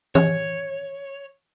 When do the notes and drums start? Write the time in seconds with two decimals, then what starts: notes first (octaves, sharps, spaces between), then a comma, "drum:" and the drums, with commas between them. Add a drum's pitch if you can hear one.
0.15 C#5, drum: tom E3